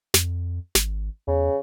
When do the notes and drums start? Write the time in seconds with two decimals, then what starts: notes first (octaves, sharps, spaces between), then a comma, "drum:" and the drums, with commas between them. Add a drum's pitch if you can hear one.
0.14 F2, drum: snare
0.75 G#1, drum: snare
1.27 E2 C#3